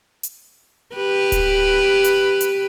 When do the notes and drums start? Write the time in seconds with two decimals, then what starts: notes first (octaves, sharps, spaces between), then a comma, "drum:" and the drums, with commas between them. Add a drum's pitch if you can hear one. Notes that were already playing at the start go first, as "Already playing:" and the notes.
0.23 drum: hi-hat
0.96 G4 B4
1.32 drum: kick D1, hi-hat
2.04 drum: hi-hat
2.41 drum: hi-hat